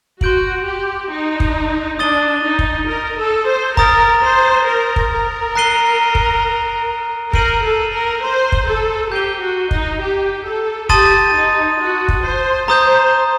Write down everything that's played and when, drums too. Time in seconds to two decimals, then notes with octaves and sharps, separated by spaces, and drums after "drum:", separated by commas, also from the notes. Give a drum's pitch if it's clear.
0.21 F#4 C6 G6 D7 F#7, drum: kick
0.66 G4
1.11 D#4
1.40 drum: kick
1.99 D4 D#6 A6 D#7 G7
2.44 D#4
2.59 drum: kick
2.88 A#4
3.19 A4
3.47 C5
3.77 A#4 A#5 D#6 A6, drum: kick
4.22 C5
4.67 A#4
4.96 drum: kick
5.11 A#4
5.56 A#5 F#6 C7 D#7 G7
6.15 drum: kick
7.33 A#4 G6 C7 D#7 F#7, drum: kick
7.64 A4
7.93 A#4
8.23 C5
8.52 drum: kick
8.67 A4
9.12 G4 G6 C7 D#7 G7
9.41 F#4
9.71 D#4, drum: kick
10.01 G4
10.45 A4
10.89 G4 A5 C6 D#6 A6 D#7, drum: kick
11.34 D#4
11.79 F#4
12.08 drum: kick
12.23 C5
12.68 C5 A#5 D#6 G6